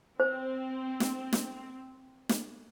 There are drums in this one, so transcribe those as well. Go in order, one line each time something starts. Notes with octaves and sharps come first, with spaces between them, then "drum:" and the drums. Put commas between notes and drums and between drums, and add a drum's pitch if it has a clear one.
C4 C5
drum: snare
drum: snare
drum: snare